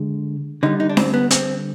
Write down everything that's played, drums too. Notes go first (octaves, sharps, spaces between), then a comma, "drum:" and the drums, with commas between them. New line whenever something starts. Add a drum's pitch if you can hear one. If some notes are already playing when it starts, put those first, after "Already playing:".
Already playing: D3 G#3
D3 G3 D#4
D#4
D4
C4, drum: snare C#4
B3
C4, drum: hi-hat